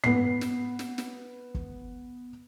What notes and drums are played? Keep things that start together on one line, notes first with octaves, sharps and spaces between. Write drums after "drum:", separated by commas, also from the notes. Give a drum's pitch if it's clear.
B3 C7, drum: tom
drum: snare
drum: snare
drum: snare
drum: kick